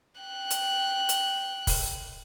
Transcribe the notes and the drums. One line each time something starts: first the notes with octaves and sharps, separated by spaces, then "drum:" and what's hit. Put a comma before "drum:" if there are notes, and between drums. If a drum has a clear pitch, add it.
G5 F#6
drum: hi-hat
drum: hi-hat
drum: kick, open hi-hat